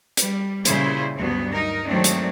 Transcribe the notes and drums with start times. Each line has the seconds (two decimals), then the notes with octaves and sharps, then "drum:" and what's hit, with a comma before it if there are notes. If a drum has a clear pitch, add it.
0.17 G3, drum: hi-hat
0.65 A#2 C#3 G3 E4 G#4 C5, drum: hi-hat
1.16 D2 G2 F#3 B3
1.51 D#4 A#4
1.86 D#3 F#3 G#3 A3 C4 D4
2.04 drum: hi-hat